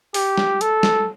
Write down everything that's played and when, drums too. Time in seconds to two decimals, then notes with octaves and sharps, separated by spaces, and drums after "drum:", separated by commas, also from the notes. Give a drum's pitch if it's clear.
0.14 G4, drum: open hi-hat
0.38 drum: snare
0.61 A4, drum: hi-hat
0.83 drum: snare